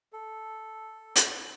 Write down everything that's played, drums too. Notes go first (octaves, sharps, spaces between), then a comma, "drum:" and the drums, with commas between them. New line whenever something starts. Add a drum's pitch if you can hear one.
A4
drum: hi-hat